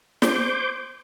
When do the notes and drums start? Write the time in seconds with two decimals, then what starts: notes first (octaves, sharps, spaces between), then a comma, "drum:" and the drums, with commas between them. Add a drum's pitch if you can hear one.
0.22 C5 D6 G6, drum: snare